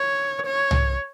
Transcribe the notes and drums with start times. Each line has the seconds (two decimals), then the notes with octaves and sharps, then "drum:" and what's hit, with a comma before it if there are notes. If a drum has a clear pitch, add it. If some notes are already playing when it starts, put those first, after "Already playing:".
Already playing: C#5
0.46 C#5
0.71 drum: tom C2